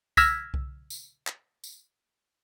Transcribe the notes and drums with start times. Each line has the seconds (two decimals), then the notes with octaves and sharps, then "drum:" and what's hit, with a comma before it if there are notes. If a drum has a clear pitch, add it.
0.17 E6 F6 G#6 A#6 B6, drum: kick C2, tambourine
0.54 drum: kick C2
0.90 drum: tambourine
1.27 drum: clap
1.64 drum: tambourine